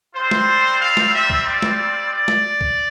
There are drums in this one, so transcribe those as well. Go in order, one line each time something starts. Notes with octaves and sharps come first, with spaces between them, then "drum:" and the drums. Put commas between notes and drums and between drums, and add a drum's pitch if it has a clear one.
G3 C4 F4 C5
drum: snare
F5
drum: snare
E5
drum: kick
D5
drum: snare
D5
drum: snare
drum: kick